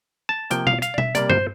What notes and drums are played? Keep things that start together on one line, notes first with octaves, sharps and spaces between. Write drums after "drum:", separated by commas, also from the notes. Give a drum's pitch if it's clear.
A5
C3 F3 A#3 G5, drum: hi-hat
F5, drum: tom B2
F5, drum: hi-hat
D5
E5, drum: tom B2
C3 G3 A#3 D5, drum: hi-hat
C5, drum: tom G2